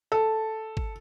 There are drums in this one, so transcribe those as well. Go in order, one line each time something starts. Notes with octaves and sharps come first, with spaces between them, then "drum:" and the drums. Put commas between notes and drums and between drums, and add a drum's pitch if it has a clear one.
A4
drum: kick